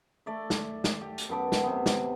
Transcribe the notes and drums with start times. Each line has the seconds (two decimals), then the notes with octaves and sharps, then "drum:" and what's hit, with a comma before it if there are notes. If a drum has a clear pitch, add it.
0.26 A3 D5 E5
0.50 drum: snare
0.84 drum: snare
1.01 G4
1.18 drum: hi-hat
1.29 F#2 B3 A5 D6
1.52 drum: snare
1.63 C3 B3
1.86 drum: snare